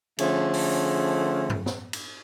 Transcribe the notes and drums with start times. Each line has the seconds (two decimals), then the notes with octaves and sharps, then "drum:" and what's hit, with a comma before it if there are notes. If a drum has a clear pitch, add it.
0.18 D3 F3 A3 C#4 G#4, drum: cymbal
0.53 drum: open hi-hat
1.50 drum: tom G2
1.66 drum: snare
1.93 drum: cymbal